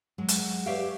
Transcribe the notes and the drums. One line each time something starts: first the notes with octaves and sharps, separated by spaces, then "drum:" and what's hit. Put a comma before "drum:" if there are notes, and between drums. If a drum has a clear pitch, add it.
F#3 G#3
drum: hi-hat
G4 B4 C#5 D5 E5 F5